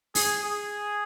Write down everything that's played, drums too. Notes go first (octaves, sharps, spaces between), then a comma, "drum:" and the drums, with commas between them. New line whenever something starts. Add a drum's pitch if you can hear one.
G#4, drum: open hi-hat
G#4